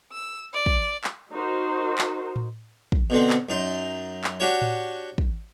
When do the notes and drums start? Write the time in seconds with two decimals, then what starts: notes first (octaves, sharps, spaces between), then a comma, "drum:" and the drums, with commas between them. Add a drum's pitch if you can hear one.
0.13 E6
0.54 D5
0.66 drum: kick
1.04 drum: clap
1.31 D#4 F#4 A#4 C5
1.98 drum: clap
2.36 drum: tom A2
2.92 drum: kick
3.10 B2 D3 C4
3.30 drum: clap
3.49 F#2 D#4 C6
4.24 drum: clap
4.40 D4 F#4 G4 C#5
4.62 drum: tom A2
5.18 drum: kick